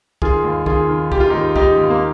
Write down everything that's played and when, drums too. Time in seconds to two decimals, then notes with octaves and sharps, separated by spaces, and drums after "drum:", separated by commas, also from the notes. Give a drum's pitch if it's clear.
0.22 D#3 F4 G#4, drum: kick
0.44 D#2
0.66 D#3 F4 G#4, drum: kick
0.89 D#3
1.12 D#3 G4, drum: kick
1.20 F4
1.30 D#4 G4
1.33 D#2
1.56 D#2 D#4 G4, drum: kick
1.78 D#2
1.90 A#3